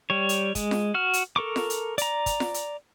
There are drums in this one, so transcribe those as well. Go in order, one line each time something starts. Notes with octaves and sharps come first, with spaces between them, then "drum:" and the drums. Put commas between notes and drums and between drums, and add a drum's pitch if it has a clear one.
G3 C#5
drum: hi-hat
G#3, drum: kick, hi-hat
drum: snare F4
F#4 F6
drum: hi-hat
A4 A#4 C#6 D6
drum: snare F4
drum: hi-hat
D5 A#5, drum: hi-hat
drum: kick, hi-hat
drum: snare F4
drum: hi-hat